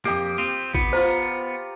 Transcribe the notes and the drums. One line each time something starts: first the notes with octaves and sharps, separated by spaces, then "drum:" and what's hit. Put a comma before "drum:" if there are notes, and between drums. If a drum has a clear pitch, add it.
F2 A#3 G4 D#6
C4 F4
B3 F4, drum: kick G#1
F4 C5 A#5